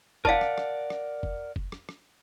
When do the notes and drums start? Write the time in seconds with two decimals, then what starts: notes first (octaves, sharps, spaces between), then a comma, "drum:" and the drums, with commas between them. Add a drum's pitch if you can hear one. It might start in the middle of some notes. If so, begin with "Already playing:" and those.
0.25 A#4 D5 F5 F#5 A5, drum: kick
0.41 drum: rim click
0.58 drum: rim click
0.90 drum: rim click
1.23 drum: kick
1.56 drum: kick
1.72 drum: rim click
1.89 drum: rim click